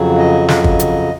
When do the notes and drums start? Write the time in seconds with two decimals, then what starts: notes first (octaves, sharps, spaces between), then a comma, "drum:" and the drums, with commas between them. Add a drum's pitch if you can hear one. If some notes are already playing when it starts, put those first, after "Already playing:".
Already playing: F2 C#3 F#3
0.18 D#5
0.48 D#5, drum: snare
0.64 drum: kick
0.79 drum: hi-hat